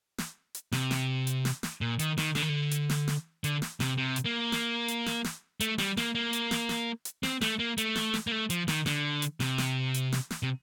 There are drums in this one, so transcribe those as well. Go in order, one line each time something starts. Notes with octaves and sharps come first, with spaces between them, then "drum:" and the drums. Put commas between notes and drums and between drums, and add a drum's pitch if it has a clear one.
drum: snare
drum: hi-hat
C3, drum: snare
drum: snare
drum: hi-hat
drum: snare
drum: snare
A#2
D#3, drum: hi-hat
D#3, drum: snare
D3, drum: snare
D#3
D3
drum: hi-hat
drum: snare
drum: snare
D3, drum: hi-hat
drum: snare
C3, drum: snare
C3
drum: hi-hat
A#3
drum: snare
drum: hi-hat
drum: snare
drum: snare
A3, drum: hi-hat
G3, drum: snare
A#3, drum: snare
A#3
drum: hi-hat
drum: snare
drum: snare
drum: hi-hat
C4, drum: snare
A3, drum: snare
A#3
A3, drum: hi-hat
drum: snare
drum: snare
A#3
A3
F3, drum: hi-hat
D#3, drum: snare
D3, drum: snare
drum: hi-hat
C3, drum: snare
drum: snare
drum: hi-hat
drum: snare
drum: snare
C3